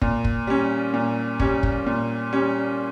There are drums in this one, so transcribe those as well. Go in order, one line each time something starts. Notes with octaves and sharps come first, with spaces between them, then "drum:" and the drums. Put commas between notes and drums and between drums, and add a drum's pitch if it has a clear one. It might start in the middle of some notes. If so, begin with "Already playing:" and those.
A#2, drum: kick
drum: kick
G3 C#4
A#2
G3 C#4, drum: kick
drum: kick
A#2
G3 C#4